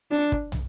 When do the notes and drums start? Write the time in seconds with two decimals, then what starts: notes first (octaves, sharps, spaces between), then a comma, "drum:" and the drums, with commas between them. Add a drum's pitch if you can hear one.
0.11 D4
0.32 drum: kick
0.52 drum: tom